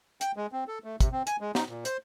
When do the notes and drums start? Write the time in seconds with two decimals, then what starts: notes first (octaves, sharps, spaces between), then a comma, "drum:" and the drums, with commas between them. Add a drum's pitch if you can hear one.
0.21 G5, drum: hi-hat
0.37 G#3
0.52 C4
0.68 A4
0.84 A3
1.00 C3, drum: kick, hi-hat
1.12 C4
1.27 G#5, drum: hi-hat
1.40 G#3
1.55 D#4, drum: snare
1.68 A#2
1.85 C5, drum: hi-hat